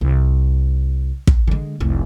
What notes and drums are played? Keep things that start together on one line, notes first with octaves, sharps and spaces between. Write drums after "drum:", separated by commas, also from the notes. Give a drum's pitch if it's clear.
C2
drum: kick
D3 G#3
F1 C2